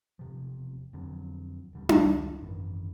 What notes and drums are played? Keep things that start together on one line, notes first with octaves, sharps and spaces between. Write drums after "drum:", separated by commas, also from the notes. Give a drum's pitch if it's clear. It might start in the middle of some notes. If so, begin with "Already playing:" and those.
E1 C3 F3
F2 D3 F3 F#3
D#1 D3 G3
F1 C#2 D#3, drum: tom D4
G#1 F#2 D#3 E3